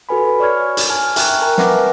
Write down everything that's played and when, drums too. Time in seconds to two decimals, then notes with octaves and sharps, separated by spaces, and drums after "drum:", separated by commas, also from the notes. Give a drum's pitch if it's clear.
0.09 F#4 A4 B4 G#5 B5
0.39 C#5 D5 C#6 F6 G#6
0.77 drum: hi-hat
0.89 G#5 A5 F6 G#6
1.16 E5 G5 A#5 C#6 F6 F#6, drum: hi-hat
1.42 A#4 A5 A#5
1.58 B4 E5 F#5 G#5 D6 A#6, drum: snare